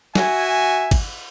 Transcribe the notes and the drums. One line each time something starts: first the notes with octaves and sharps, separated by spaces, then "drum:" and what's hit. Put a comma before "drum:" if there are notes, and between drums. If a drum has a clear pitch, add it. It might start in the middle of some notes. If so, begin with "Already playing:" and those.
F#4 E5 G#5, drum: snare
drum: kick G#1, cymbal